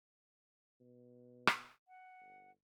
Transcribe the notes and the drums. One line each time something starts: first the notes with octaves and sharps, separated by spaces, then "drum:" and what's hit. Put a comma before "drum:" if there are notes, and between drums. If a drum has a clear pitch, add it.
B2
drum: rim click
F#5
G1